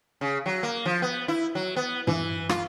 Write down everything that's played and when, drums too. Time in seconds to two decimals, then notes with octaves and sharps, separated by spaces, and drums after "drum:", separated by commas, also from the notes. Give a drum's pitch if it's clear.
0.21 C#3
0.46 F#3
0.63 A#3
0.86 F3
1.02 B3
1.28 E4
1.55 F#3
1.76 B3
2.07 E3, drum: tom G2
2.49 F4, drum: rim click